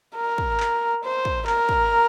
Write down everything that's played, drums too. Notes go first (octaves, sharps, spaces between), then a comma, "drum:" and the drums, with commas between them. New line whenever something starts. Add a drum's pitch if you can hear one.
A#4
drum: kick
drum: clap
C5
drum: kick
A#4, drum: clap
drum: kick